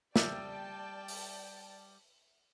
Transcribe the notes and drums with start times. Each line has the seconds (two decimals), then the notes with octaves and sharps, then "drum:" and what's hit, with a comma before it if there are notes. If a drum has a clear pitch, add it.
0.16 G3 D5 E5 G5 A5, drum: snare
1.08 drum: open hi-hat